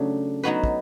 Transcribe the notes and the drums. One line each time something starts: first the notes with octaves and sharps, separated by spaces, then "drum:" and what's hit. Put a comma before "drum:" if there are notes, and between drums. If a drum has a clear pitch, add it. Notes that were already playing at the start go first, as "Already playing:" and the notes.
Already playing: C#3 F#3 A3 D4
F#3 B3 D#4 F#4 B4
drum: kick